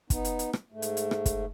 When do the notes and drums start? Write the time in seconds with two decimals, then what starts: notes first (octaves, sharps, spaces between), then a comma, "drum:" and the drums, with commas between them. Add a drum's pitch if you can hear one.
0.10 B3 D#4, drum: kick, hi-hat
0.25 drum: hi-hat
0.39 drum: hi-hat
0.53 drum: rim click
0.72 G#2 A3
0.82 drum: hi-hat
0.97 drum: hi-hat
1.11 drum: rim click
1.26 drum: kick, hi-hat